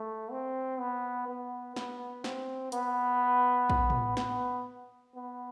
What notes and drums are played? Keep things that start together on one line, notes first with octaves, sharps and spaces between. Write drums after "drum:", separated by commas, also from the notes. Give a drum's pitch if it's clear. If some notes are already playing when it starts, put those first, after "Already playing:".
Already playing: A3
C4
B3
B3
B3, drum: snare
C4, drum: snare
B3, drum: hi-hat
drum: kick
drum: tom
B3, drum: snare
B3